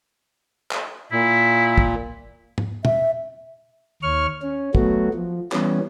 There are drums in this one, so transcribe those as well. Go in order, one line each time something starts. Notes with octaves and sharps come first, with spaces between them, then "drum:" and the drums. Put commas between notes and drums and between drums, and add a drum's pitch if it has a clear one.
drum: clap
A#2 E4
drum: kick
drum: tom G#2
E5, drum: tom
D#2 C#5 C#6 F6
C#4
F#3 A3 B3 F#4, drum: kick
F3
E3 G3 B3 C#4, drum: clap